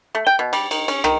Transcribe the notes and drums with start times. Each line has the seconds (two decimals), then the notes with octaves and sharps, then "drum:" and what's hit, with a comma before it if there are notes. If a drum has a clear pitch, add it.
0.15 A3
0.27 G5
0.39 B2
0.53 G3, drum: cymbal
0.71 D#3, drum: cymbal
0.88 C#4, drum: cymbal
1.04 D#3, drum: rim click